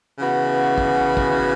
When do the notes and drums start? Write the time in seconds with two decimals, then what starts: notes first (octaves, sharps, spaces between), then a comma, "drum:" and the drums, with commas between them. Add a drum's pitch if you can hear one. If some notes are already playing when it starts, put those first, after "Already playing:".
0.18 C#3 E3 B3 F#4
0.78 drum: kick
1.17 drum: kick